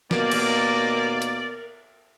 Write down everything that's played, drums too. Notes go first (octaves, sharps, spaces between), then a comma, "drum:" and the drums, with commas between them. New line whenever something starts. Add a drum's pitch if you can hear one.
D#2 B2 A#3 A#4 D5, drum: snare
drum: cymbal
drum: hi-hat